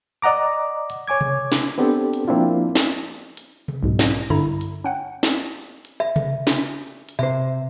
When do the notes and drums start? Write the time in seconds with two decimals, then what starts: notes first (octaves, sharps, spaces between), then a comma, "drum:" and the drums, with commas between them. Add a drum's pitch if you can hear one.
0.22 D5 D#5 F#5 A#5 D6
0.90 drum: hi-hat
1.08 C#5 G#5 D6 G#6
1.21 drum: tom C3
1.52 drum: snare
1.78 B3 C4 D4 G4 A4
2.14 drum: hi-hat
2.28 F3 A#3 C4 D4 E4 F4
2.75 drum: snare
3.37 drum: hi-hat
3.68 drum: tom C3
3.83 B1 G#2 B2
3.99 drum: snare
4.30 G2 D3 E4 A#5
4.61 drum: hi-hat
4.84 C#4 F#5 G5
5.23 drum: snare
5.85 drum: hi-hat
6.00 E5
6.16 drum: tom C3
6.47 drum: snare
7.09 drum: hi-hat
7.19 C3 C5 E5